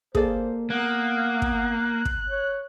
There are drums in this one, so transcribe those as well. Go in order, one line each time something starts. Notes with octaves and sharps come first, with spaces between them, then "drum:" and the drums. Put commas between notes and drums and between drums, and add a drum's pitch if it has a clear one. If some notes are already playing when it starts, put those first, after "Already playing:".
A#3 G#4 A4 C5 D5, drum: kick
A#3 B3 F#6
drum: kick
drum: kick
C#5